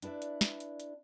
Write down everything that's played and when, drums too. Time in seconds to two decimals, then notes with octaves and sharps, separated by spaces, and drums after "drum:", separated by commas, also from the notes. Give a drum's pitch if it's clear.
0.02 D4 E4 B4 D5 E5, drum: hi-hat
0.22 drum: hi-hat
0.41 drum: snare
0.60 drum: hi-hat
0.80 drum: hi-hat